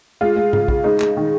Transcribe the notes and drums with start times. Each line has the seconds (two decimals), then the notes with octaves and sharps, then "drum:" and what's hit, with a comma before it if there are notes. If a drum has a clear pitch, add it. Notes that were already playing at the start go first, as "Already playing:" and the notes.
0.21 G#3 F4
0.36 G#3
0.53 C#3, drum: tom G#2
0.68 C#3, drum: kick
0.84 G#3 D#4
1.00 G#3, drum: clap
1.17 D#3